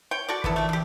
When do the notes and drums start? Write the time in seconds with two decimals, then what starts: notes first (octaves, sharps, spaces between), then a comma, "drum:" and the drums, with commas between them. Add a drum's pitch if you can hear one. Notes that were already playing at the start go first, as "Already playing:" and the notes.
0.11 C#5 G5
0.28 F#4 A4 D5
0.44 A#1 E3 B3 E4 A4, drum: kick
0.56 A3 D5
0.69 D4 G4